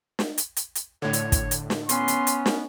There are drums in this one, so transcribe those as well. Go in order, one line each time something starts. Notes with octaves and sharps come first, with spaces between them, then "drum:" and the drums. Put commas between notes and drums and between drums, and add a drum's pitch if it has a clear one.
drum: snare
drum: hi-hat
drum: hi-hat
drum: hi-hat
A2 D3 C#5
drum: hi-hat
drum: kick, hi-hat
drum: hi-hat
drum: snare
B3 C#4 C6, drum: hi-hat
drum: hi-hat
drum: hi-hat
drum: snare